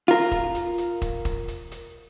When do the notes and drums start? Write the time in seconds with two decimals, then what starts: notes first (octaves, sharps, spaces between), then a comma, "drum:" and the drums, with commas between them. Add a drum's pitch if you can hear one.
0.08 F4 A#4, drum: hi-hat
0.32 drum: kick, hi-hat
0.55 drum: hi-hat
0.78 drum: hi-hat
1.02 drum: kick, hi-hat
1.25 drum: kick, hi-hat
1.48 drum: hi-hat
1.72 drum: hi-hat